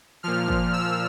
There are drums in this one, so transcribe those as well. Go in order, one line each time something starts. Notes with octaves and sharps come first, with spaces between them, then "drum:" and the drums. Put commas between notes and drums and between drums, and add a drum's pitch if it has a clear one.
A#2 F3 F6
drum: kick
E6